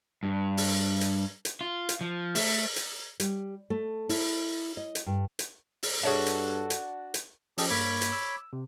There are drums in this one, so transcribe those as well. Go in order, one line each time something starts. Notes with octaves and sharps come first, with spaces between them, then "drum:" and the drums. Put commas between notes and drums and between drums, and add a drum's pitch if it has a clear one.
G2
drum: open hi-hat
drum: hi-hat
drum: hi-hat
F4
drum: hi-hat
F3
A3, drum: open hi-hat
drum: hi-hat
G3, drum: hi-hat
A3
E4, drum: open hi-hat
D#5
drum: hi-hat
G2
drum: hi-hat
drum: open hi-hat
G2 D4 F#4 G#4 A4 C#5 E5
drum: hi-hat
drum: hi-hat
drum: hi-hat
F3 C#4 G4 A4 D#5, drum: open hi-hat
G2 A#3 C#5 B5 D6 B6
drum: hi-hat
E6
C3